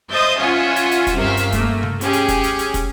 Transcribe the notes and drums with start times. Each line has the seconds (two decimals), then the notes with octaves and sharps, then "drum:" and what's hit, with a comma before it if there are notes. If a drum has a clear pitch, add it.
0.11 C5 D#5 E5 D#6 G6 A6
0.39 C#4 F4 C#5 E5 F#5 G#5
0.76 drum: hi-hat
0.91 drum: hi-hat
1.07 drum: kick, hi-hat
1.18 G2 C3 C#4 A#4 E5 F5
1.37 drum: hi-hat
1.52 A3 A#3, drum: kick, hi-hat
1.83 drum: tom C3
2.01 C#4 G4 G#4, drum: hi-hat
2.13 drum: hi-hat
2.28 drum: kick, hi-hat
2.44 drum: hi-hat
2.59 drum: hi-hat
2.74 drum: kick, hi-hat